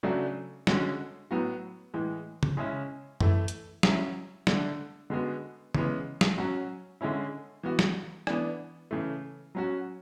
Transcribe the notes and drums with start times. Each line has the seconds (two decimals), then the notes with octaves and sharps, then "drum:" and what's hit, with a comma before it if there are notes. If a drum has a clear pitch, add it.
0.03 C#3 F#3 A3 D4 F#4
0.67 D3 G#3 C#4 F#4, drum: snare
1.31 A2 F#3 B3 F#4
1.94 A2 E3 G#3
2.43 drum: tom C#3
2.57 C#3 G#3 C#4 E4
3.21 E3 A3 E4, drum: tom F#2
3.48 drum: hi-hat
3.83 F#3 C#4 E4, drum: snare
4.47 D3 A3 D4, drum: snare
5.10 D3 G#3 B3 F#4
5.75 C#3 E3 G#3 B3, drum: tom C#3
6.21 drum: snare
6.38 F#3 C#4 F#4
7.01 D3 G#3 C#4 E4
7.63 E3 B3 F#4
7.79 drum: snare
8.27 E3 B3 D4, drum: rim click
8.91 C#3 E3 A3
9.55 F#3 C#4 F#4